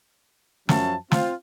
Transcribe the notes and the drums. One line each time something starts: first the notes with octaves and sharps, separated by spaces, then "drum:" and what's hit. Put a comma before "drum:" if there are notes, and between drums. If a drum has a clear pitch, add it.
F#2 F3 F#3 C#4 E5 A5, drum: snare
C4 F4, drum: snare